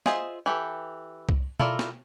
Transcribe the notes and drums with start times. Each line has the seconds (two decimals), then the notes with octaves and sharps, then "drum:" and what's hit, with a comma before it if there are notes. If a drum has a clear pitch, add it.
0.06 F4 G#4 C5 D#5 E5, drum: snare
0.46 E3 G4 A4
1.29 drum: kick C2
1.59 E4 F4 A4 A#4 D5, drum: tom B2
1.79 drum: snare